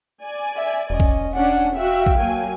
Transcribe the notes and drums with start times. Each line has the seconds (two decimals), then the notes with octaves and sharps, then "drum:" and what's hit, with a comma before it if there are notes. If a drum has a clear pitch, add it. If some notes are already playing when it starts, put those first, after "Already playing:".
0.23 D5 G#5
0.56 E5
0.90 E1 C#4 D#5
1.00 drum: kick
1.35 C#4 D4 F#5
1.76 F#4 E5 F5 G5
2.06 drum: kick
2.18 F#3 A#3 G#5